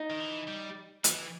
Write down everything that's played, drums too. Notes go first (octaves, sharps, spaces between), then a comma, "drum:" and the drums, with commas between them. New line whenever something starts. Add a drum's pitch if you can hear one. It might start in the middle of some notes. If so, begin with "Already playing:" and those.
Already playing: D#4
D#3
E3
G3
E3, drum: hi-hat